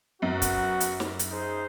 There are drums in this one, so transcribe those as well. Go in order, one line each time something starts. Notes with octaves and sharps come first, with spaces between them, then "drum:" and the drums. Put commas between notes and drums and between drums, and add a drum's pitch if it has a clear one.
F#2 B3 F#4
drum: kick, hi-hat
drum: hi-hat
drum: snare
drum: hi-hat
D#4 G#4 C5